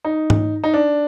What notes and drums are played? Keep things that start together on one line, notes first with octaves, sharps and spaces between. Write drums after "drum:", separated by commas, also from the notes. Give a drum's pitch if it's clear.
D#4
drum: tom G#2
D#4
D4